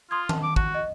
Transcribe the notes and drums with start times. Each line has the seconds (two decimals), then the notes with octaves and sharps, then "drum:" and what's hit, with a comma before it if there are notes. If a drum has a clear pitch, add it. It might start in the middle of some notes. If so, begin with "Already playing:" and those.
0.11 F4 C6 D#6 G#6
0.29 A5, drum: tom D#3
0.43 D6
0.56 F#4, drum: kick
0.74 D#5